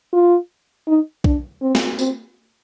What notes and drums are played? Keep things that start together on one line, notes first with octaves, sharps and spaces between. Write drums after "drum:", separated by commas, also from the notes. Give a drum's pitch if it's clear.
F4
D#4
D4, drum: kick
C4
drum: snare
C4, drum: tambourine